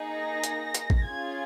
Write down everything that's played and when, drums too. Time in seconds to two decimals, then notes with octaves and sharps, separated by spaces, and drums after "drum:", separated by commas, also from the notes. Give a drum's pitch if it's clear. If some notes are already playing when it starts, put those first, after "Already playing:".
Already playing: A#3 D#4 G#4
0.12 A#6
0.44 drum: hi-hat
0.74 drum: hi-hat
0.90 drum: kick
1.05 C#4 F4 G#4 G#6